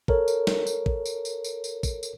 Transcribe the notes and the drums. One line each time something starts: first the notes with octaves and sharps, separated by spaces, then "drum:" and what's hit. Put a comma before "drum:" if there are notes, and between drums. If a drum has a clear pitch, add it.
A4 A#4 C#5, drum: kick
drum: tambourine
drum: snare
drum: tambourine
drum: kick
drum: tambourine
drum: tambourine
drum: tambourine
drum: tambourine
drum: kick, tambourine
drum: tambourine